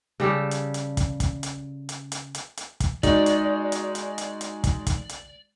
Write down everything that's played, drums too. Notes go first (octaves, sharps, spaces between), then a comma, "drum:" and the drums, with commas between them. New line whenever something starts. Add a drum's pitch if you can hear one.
C#3 G3 G4 A4
drum: hi-hat
drum: hi-hat
drum: kick, hi-hat
drum: kick, hi-hat
drum: hi-hat
drum: hi-hat
drum: hi-hat
drum: hi-hat
drum: hi-hat
drum: kick, hi-hat
G#3 D#4 F#4 D5, drum: kick, hi-hat
drum: hi-hat
drum: hi-hat
drum: hi-hat
drum: hi-hat
drum: hi-hat
drum: kick, hi-hat
drum: kick, hi-hat
drum: hi-hat